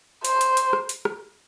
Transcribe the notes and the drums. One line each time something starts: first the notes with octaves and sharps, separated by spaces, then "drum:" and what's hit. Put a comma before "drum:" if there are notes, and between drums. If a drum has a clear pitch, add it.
C5, drum: hi-hat
drum: hi-hat
drum: hi-hat
drum: rim click
drum: hi-hat
drum: rim click